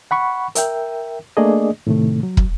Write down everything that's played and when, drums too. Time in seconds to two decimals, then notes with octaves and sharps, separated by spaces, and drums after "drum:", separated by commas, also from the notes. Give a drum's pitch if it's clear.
0.11 F#5 B5 C#6
0.55 A#4 E5 G5, drum: hi-hat
1.37 A3 A#3 D4 G#4 D5 D#5
1.87 A2 C3 D#3 A3
2.23 F#3
2.37 drum: kick